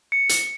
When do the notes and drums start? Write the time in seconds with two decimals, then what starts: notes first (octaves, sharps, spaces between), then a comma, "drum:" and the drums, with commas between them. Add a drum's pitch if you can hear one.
0.12 C#7
0.29 drum: hi-hat